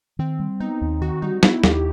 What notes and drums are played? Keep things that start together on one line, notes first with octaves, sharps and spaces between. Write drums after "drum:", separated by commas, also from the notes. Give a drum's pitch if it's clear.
D#3 C4
G3
B3 D#4
D#2
D#3 F#4
G3 D#4
B3 E4, drum: snare
D#2 G4, drum: snare